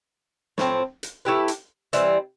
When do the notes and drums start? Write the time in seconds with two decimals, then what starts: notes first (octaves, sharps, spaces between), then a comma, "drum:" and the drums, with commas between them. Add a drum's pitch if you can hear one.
0.58 A2 F3 C4, drum: snare
1.03 drum: hi-hat
1.25 A3 E4 G4 B4
1.48 drum: hi-hat
1.93 E3 G3 C4, drum: hi-hat